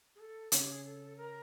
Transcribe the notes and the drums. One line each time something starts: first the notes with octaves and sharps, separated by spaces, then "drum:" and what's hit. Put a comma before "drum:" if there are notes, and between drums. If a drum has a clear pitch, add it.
G#4
A4
C#3 C#4, drum: hi-hat
G4
G#4
A4
A#4